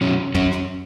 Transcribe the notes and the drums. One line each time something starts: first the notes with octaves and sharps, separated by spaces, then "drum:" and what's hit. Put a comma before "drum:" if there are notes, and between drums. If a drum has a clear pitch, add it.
B2 F#3 C#4
F#3 C#4, drum: tom
drum: rim click